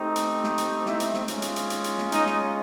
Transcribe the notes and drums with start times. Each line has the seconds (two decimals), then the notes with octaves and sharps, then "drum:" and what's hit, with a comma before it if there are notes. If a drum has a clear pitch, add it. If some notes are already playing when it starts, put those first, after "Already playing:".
Already playing: A3 C4 D#4 G4
0.16 drum: hi-hat
0.44 drum: snare
0.58 drum: hi-hat
0.86 E4 E5, drum: snare
1.00 drum: hi-hat
1.14 drum: snare
1.28 G#3 C#4 F4, drum: hi-hat
1.42 drum: hi-hat
1.56 drum: hi-hat
1.70 drum: hi-hat
1.84 drum: hi-hat
1.98 drum: snare
2.12 D#4 D#5, drum: hi-hat
2.26 drum: snare